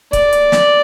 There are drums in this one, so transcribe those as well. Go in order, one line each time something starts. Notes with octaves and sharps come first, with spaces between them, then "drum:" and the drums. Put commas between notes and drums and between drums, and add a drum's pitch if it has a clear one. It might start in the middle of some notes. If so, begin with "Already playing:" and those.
D5, drum: kick, hi-hat
drum: hi-hat
drum: snare